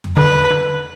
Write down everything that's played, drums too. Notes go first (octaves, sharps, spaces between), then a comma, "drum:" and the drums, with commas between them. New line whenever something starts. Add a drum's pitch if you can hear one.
drum: tom E2
D3 B4
D3